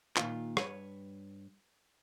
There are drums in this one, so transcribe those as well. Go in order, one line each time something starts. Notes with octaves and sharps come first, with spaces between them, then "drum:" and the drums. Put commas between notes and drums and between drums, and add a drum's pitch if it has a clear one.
A#2 D#3 F4, drum: clap
G2 B4 C#5, drum: rim click